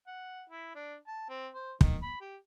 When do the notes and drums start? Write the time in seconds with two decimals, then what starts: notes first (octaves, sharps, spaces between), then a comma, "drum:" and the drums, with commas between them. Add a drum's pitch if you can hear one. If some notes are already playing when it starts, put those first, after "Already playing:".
0.07 F#5
0.49 E4
0.75 D4
1.07 A5
1.29 C4
1.54 C5
1.81 D#3, drum: kick
2.02 B5
2.21 G4